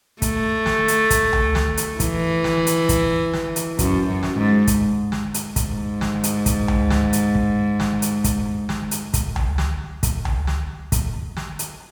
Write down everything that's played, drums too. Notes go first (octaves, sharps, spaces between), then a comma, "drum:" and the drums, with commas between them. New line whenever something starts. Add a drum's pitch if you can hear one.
A3, drum: kick, hi-hat
drum: snare
drum: hi-hat
drum: kick, hi-hat
drum: tom C#2
drum: snare
drum: hi-hat
E3, drum: kick, hi-hat
drum: snare
drum: hi-hat
drum: kick, hi-hat
drum: snare
drum: hi-hat
F#2, drum: kick, hi-hat
F#2
drum: snare
G#2
drum: kick, hi-hat
drum: snare
drum: hi-hat
G#2, drum: kick, hi-hat
drum: snare
drum: hi-hat
drum: kick, hi-hat
drum: tom C#2
drum: snare
drum: hi-hat
drum: kick
drum: snare
drum: hi-hat
drum: kick, hi-hat
drum: snare
drum: hi-hat
drum: kick, hi-hat
drum: tom C#2
drum: snare
drum: kick, hi-hat
drum: tom C#2
drum: snare
drum: kick, hi-hat
drum: snare
drum: hi-hat